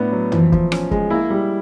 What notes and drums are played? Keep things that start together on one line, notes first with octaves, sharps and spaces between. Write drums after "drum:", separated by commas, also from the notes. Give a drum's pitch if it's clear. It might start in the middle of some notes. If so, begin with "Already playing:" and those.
Already playing: A2 B3 D4
F#3
E3 F3, drum: tom
F3, drum: kick
C#4, drum: rim click
G#3, drum: kick
A#3 E4
G3